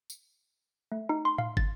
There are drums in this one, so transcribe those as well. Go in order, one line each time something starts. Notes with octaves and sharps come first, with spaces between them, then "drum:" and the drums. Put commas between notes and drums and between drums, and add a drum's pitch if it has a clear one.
drum: tambourine
A3
D#4
C6
F5, drum: tom A2
A6, drum: kick